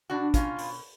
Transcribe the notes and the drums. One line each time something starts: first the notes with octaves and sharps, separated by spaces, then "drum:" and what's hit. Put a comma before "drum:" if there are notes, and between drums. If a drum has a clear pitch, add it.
B2 D4 F#4
B2 C#4 F4, drum: kick, hi-hat
B2, drum: open hi-hat